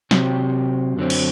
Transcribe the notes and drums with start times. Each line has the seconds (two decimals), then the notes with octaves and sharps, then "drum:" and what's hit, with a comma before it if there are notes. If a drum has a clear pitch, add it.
0.11 C3 F#3 C4 G4, drum: snare
0.97 F#2 D3 F#3 C4
1.10 drum: cymbal